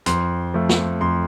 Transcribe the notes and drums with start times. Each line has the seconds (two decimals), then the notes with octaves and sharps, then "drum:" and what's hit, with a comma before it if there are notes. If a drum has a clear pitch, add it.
0.06 F2 C6, drum: hi-hat
0.54 F3 A3
0.69 drum: snare
1.01 F2 C6